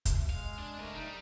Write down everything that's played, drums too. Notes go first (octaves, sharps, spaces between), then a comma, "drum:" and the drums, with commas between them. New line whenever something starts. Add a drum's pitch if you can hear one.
drum: kick, hi-hat
G#3 F5
D4
C3 A3 A#4
G3 D#4